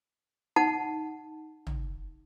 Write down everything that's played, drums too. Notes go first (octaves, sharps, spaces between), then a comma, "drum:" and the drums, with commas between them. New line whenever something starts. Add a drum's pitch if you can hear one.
D#4 F#5 A5
drum: tom